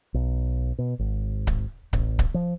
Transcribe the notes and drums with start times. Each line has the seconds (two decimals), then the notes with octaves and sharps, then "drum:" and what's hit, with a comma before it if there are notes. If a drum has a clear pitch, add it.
0.14 B1
0.78 B2
0.99 G#1
1.47 drum: kick C#1
1.93 A1, drum: kick C#1
2.19 drum: kick C#1
2.34 F3